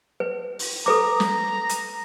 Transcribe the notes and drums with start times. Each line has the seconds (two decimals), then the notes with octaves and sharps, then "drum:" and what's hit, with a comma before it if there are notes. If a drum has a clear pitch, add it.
0.20 B4
0.59 drum: open hi-hat
0.86 A4 B4 A#5 D6
1.20 drum: snare
1.69 drum: hi-hat